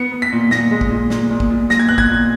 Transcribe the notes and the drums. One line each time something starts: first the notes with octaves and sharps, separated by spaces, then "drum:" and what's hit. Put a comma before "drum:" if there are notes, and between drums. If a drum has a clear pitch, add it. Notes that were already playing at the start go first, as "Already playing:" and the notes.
Already playing: B3 C#7
B3
B6
A#2
A#2 A#6, drum: snare
G#3
drum: kick
A#2
A#2, drum: snare
A#2
drum: kick
A#2
A#2 A#6, drum: snare
G#6
B3 F#6
G#6, drum: kick
A#2